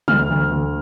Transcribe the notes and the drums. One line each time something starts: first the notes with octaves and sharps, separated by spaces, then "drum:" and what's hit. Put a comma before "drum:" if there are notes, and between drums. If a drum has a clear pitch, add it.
D2 F6, drum: tom F#3
D2
D2